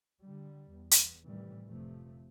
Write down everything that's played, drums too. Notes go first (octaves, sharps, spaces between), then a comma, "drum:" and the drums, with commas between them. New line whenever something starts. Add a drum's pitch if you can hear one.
D3 G3
E2
drum: hi-hat
A2 C3 D#3 E3 G3
F1 C3 F3 A3